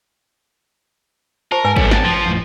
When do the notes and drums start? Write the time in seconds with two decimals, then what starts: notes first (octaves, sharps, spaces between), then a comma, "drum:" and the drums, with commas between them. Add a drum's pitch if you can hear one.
1.52 G4 A#4 C5 A5
1.65 G#2 B4 G#5
1.76 B1 G3 B3 A4 C#5, drum: kick
1.91 G5 A5, drum: snare
2.05 F3
2.26 F2 A2